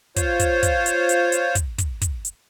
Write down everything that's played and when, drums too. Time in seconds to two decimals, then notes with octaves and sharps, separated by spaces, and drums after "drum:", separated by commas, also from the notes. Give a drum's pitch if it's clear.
0.16 F4 C5 C#5, drum: kick, hi-hat
0.40 drum: kick, hi-hat
0.63 drum: kick, hi-hat
0.86 drum: hi-hat
1.09 drum: hi-hat
1.32 drum: hi-hat
1.55 drum: kick, hi-hat
1.78 drum: kick, hi-hat
2.02 drum: kick, hi-hat
2.25 drum: hi-hat